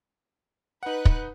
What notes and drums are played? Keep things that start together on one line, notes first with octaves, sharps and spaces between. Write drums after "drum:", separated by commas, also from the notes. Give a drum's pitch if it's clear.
D#4 B4 F#5 F#6
drum: kick